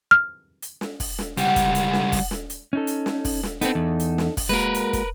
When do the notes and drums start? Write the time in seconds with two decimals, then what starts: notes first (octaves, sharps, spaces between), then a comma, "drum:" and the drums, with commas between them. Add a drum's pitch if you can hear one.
0.11 F6
0.62 drum: hi-hat
0.81 drum: snare
1.00 drum: kick, open hi-hat
1.19 drum: snare
1.37 C#2 G3 F#5, drum: hi-hat
1.56 drum: kick, hi-hat
1.75 drum: hi-hat
1.93 drum: snare
2.12 drum: kick, open hi-hat
2.31 drum: snare
2.50 drum: hi-hat
2.73 C#4 D#4 A4
2.87 drum: hi-hat
3.06 drum: snare
3.25 drum: kick, open hi-hat
3.43 drum: snare
3.61 B3 C4 D#4 A4, drum: hi-hat
3.75 E2
4.00 drum: hi-hat
4.18 drum: snare
4.37 drum: kick, open hi-hat
4.49 G#3 A#3 F#4 A#4 B4
4.74 drum: hi-hat
4.93 drum: kick, hi-hat